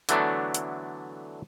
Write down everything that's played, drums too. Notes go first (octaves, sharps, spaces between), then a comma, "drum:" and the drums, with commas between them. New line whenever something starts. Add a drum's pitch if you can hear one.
D3 E3 F#3 A3 B3 D4, drum: hi-hat
drum: hi-hat